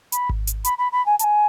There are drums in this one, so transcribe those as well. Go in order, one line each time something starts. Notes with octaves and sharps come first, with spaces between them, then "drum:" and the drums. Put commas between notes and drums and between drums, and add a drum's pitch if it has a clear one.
B5, drum: hi-hat
drum: kick G#1
drum: hi-hat
B5, drum: hi-hat
B5
B5
G#5
A5, drum: hi-hat
G#5